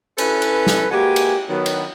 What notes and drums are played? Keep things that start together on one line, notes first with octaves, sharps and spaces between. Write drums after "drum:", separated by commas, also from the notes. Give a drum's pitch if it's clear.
C#4 E4 A4 B4, drum: cymbal
drum: cymbal
drum: snare
G#3 A#3 F#4 G4 B4 G#5
drum: cymbal
D#3 F#3 B3
drum: cymbal